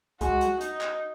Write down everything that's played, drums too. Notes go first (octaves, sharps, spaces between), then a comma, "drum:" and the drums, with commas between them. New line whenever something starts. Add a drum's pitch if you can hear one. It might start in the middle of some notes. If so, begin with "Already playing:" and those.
G#3 F#4, drum: kick C2, hi-hat
drum: hi-hat
D#4, drum: hi-hat
drum: clap